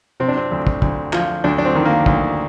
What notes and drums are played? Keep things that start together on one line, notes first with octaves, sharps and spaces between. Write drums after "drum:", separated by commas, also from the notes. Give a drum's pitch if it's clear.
C3 C4
D4
C4
D2
drum: kick
D2, drum: kick
F3, drum: clap
D2 D4
D4
C4
D#3
A#3
D2, drum: kick